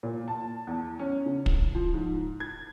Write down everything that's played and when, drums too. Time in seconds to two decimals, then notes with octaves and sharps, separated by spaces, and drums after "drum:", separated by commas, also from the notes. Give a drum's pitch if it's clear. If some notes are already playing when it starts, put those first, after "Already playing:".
0.03 A#2
0.28 A5
0.67 E2
0.99 C#4
1.26 C#3
1.46 drum: kick
1.75 F3
1.94 G#2
2.40 G#6